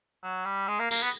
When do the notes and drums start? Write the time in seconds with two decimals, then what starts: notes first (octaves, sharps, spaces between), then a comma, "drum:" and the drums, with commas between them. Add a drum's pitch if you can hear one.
0.23 F#3
0.45 G3
0.68 G#3
0.79 A#3
0.91 A#3, drum: tambourine
1.03 B3